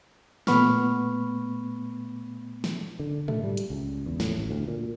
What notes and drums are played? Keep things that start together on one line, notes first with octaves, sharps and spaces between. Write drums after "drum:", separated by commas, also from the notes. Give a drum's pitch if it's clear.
A#2 A3 B3 B5 C#6 F6, drum: snare
drum: snare
D3
A3, drum: tom
G3
drum: hi-hat
C#2
E2
A2, drum: snare
A1
D2
A#2